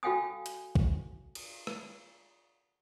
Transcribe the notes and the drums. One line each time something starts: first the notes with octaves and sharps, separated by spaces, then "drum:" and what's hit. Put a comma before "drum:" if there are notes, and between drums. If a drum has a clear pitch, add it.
F#4 A4 F5 G5 G#5 D#6
drum: hi-hat
drum: kick
drum: cymbal
drum: rim click